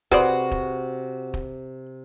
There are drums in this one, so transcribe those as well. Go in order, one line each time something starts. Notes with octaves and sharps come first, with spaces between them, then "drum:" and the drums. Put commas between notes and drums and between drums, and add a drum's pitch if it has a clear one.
C3 F#4 G#4 B4 C5 D5, drum: kick
drum: kick
drum: kick